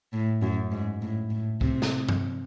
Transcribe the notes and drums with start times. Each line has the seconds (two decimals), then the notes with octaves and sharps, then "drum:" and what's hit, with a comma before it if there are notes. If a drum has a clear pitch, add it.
0.13 A2
0.42 F#2
0.72 G#2
1.02 A2
1.30 A2
1.61 C3, drum: kick
1.82 drum: snare
2.09 drum: tom G2